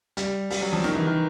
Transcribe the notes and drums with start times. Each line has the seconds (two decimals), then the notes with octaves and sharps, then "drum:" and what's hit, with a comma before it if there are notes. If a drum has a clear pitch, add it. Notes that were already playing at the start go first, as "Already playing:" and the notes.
0.17 G3, drum: hi-hat
0.50 G3, drum: open hi-hat
0.62 F#3
0.73 F3
0.84 D#3, drum: snare E4
0.95 E3
1.07 D#3